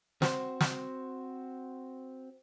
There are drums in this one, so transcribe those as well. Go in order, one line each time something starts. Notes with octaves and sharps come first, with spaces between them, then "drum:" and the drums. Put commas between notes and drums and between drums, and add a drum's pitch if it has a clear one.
C4 F#4 C5, drum: snare
drum: snare